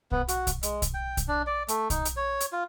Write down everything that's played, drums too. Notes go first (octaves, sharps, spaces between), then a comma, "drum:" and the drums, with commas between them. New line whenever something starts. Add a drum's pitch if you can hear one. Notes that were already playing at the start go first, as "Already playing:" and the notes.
B3, drum: kick
F#4, drum: hi-hat
drum: kick, hi-hat
G#3, drum: hi-hat
drum: kick, hi-hat
G5
drum: kick, hi-hat
D4
D5
A3, drum: hi-hat
D#4, drum: kick, hi-hat
drum: hi-hat
C#5
drum: hi-hat
F4